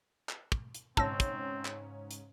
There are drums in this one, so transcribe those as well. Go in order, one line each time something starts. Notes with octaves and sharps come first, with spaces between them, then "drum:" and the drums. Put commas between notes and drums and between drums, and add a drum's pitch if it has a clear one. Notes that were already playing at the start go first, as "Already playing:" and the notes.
drum: clap
drum: kick
drum: hi-hat
G#2 C#3 C4 C#4 A5 E6 A#6, drum: kick
drum: kick, hi-hat
drum: clap
drum: hi-hat